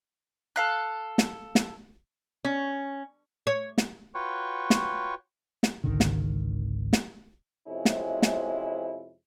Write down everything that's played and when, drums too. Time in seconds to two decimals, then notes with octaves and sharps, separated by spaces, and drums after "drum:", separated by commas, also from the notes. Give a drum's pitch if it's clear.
0.56 A4 F5 F#6
1.18 drum: snare
1.55 drum: snare
2.45 C#4
3.47 C#5
3.78 drum: snare
4.15 F4 F#4 B4 C#5 G5 C#6
4.70 drum: snare
5.63 drum: snare
5.84 G#1 C#2 D3 D#3
6.00 drum: snare
6.93 drum: snare
7.67 F2 C3 G#3 C#4 E4
7.85 drum: snare
8.22 drum: snare